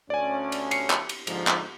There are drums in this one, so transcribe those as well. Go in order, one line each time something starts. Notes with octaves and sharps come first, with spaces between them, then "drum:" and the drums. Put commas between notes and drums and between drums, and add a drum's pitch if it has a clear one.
D2 C#4 D5 G#5
drum: cymbal
C7 C#7, drum: cymbal
drum: clap
drum: cymbal
G#2 D3 F3, drum: cymbal
drum: clap